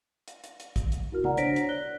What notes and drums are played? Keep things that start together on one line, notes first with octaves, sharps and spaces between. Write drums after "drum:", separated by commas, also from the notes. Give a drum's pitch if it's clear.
drum: hi-hat
drum: hi-hat
drum: hi-hat
drum: kick, hi-hat
drum: hi-hat
E4 F#4 A#4 F6
A#4 D5 F#5 A#5, drum: tom
D4 C5 C#5 A#6 B6 D7, drum: hi-hat
drum: hi-hat
D5 F#6 G7